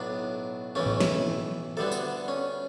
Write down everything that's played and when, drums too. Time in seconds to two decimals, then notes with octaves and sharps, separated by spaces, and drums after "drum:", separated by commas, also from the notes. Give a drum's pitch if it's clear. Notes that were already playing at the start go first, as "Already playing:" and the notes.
Already playing: B1 A2 F#3 B3 D4
0.75 B1 A2 E3 A3 C#4
0.86 drum: tom G#2
1.00 E4, drum: snare
1.77 D2 D3 G3 B3 A4
1.92 drum: tambourine
2.28 C#4